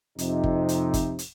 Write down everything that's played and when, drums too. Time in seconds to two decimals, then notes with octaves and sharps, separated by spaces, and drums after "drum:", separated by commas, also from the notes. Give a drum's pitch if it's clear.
0.19 F2 C3 D#4, drum: hi-hat
0.44 drum: kick G1
0.69 drum: hi-hat
0.94 drum: kick G1, hi-hat
1.19 drum: hi-hat